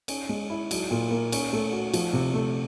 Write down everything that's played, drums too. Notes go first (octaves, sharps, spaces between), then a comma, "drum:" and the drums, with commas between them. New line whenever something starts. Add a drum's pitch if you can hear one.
C#4, drum: cymbal
G#3
E4
F#3, drum: cymbal
A#2
A#3
C#4, drum: cymbal
A3
F#4
F3, drum: cymbal
C3
A3